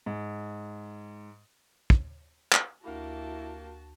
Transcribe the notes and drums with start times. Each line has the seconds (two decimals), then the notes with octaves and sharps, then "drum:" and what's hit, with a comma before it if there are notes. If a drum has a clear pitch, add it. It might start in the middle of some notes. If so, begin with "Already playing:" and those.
0.06 G#2
1.90 drum: kick
2.53 drum: clap
2.84 D2 A#3 E4 F#4 G4 A5 B5